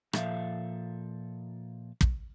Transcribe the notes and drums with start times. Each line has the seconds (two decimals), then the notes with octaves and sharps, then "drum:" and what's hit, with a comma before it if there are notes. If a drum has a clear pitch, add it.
0.13 A#2 F3 A4 E5 F5, drum: rim click
2.01 drum: kick